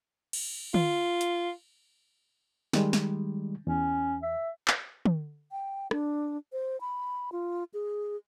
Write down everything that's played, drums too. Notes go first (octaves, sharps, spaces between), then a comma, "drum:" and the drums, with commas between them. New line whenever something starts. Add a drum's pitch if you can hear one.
drum: cymbal
F4, drum: tom
drum: hi-hat
D#3 G3 G#3, drum: snare
drum: snare
E2 C#4
E5
drum: clap
drum: tom
G5
D4, drum: rim click
C5
B5
F4
G#4